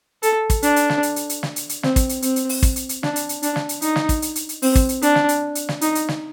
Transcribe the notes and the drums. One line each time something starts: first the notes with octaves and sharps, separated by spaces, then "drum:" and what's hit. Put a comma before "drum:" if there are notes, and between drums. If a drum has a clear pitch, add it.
A4, drum: hi-hat
drum: kick, hi-hat
D4, drum: hi-hat
drum: hi-hat
drum: snare
drum: hi-hat
drum: hi-hat
drum: hi-hat
drum: snare
drum: hi-hat
drum: hi-hat
C4, drum: snare
drum: kick, hi-hat
drum: hi-hat
C4, drum: hi-hat
drum: hi-hat
drum: open hi-hat
drum: kick, hi-hat
drum: hi-hat
drum: hi-hat
D4, drum: snare
drum: hi-hat
drum: hi-hat
D4, drum: hi-hat
drum: snare
drum: hi-hat
D#4, drum: hi-hat
drum: snare
drum: kick, hi-hat
drum: hi-hat
drum: hi-hat
drum: hi-hat
C4, drum: open hi-hat
drum: kick, hi-hat
drum: hi-hat
D4, drum: hi-hat
drum: snare
drum: hi-hat
drum: hi-hat
drum: snare
D#4, drum: hi-hat
drum: hi-hat
drum: snare